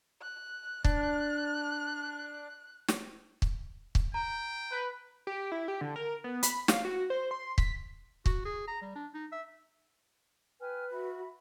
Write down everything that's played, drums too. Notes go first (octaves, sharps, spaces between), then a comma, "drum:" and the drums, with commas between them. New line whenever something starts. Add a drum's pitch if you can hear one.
F#6
D4, drum: kick
drum: snare
drum: kick
drum: kick
G5 A#5
B4
G4
E4
G4
D3
A#4
B3
B5, drum: hi-hat
F5, drum: snare
F#4
C5
C6
B6, drum: kick
F#4, drum: kick
G#4
A#5
G3
D4
D#4
E5
B4 G5 G#5 F6
F#4 E5 B5